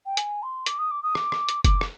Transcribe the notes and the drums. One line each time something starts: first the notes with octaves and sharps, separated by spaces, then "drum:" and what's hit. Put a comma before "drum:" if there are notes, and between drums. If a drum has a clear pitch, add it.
G5
G#5, drum: hi-hat
C6
D6, drum: hi-hat
D#6
D6
D#6
D6, drum: rim click
drum: rim click
drum: hi-hat
D6, drum: kick, hi-hat
drum: rim click